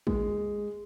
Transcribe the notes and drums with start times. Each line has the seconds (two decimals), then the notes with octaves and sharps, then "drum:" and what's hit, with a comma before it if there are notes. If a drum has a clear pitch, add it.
0.07 G#3, drum: kick A1